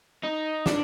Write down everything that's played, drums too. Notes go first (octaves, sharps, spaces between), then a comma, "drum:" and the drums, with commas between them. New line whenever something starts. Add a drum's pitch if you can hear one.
D#4
D4, drum: snare